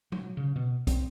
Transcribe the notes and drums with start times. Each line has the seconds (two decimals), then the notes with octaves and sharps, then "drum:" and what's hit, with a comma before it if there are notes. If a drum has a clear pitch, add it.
0.12 F#3, drum: tom
0.37 C#3
0.56 B2
0.87 C4, drum: kick, hi-hat